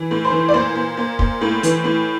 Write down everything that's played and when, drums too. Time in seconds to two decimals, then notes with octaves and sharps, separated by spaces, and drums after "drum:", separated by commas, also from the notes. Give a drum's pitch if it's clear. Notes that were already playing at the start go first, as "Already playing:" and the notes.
Already playing: E3
0.11 A2
0.25 C5
0.32 E3
0.48 D5
0.54 A#2 C5
0.75 A#2
0.97 A#2
1.19 A#2, drum: kick
1.41 A2
1.63 E3, drum: hi-hat
1.84 A2